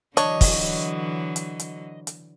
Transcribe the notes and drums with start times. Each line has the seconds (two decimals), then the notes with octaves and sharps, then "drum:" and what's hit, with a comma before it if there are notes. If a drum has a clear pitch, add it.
0.17 D3 E3 F#3 D4 C#5 D#5, drum: hi-hat
0.41 drum: kick, open hi-hat
1.36 drum: hi-hat
1.59 drum: hi-hat
2.07 drum: hi-hat